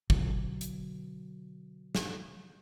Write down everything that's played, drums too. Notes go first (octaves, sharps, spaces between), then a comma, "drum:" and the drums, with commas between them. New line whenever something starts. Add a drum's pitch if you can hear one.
B2 D3 F#3, drum: kick
drum: hi-hat
drum: snare